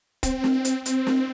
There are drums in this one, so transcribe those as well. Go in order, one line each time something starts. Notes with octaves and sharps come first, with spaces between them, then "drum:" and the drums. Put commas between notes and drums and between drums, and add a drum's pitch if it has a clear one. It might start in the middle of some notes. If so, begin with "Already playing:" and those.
C4, drum: kick, hi-hat
drum: snare
drum: hi-hat
drum: hi-hat
drum: snare